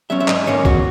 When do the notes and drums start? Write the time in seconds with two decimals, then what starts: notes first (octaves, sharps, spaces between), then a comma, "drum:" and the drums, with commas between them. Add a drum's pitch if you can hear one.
0.10 F#3 C#4 E5
0.20 E5
0.28 G#2 D#5, drum: clap
0.46 D#3 A#3 C#4 C#5
0.65 E2 F#4, drum: kick B1